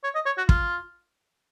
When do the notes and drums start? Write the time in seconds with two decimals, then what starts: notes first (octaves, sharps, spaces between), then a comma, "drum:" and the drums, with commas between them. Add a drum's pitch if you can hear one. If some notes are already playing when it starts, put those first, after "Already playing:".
0.04 C#5
0.15 D#5
0.26 C#5
0.38 F#4
0.49 F4, drum: kick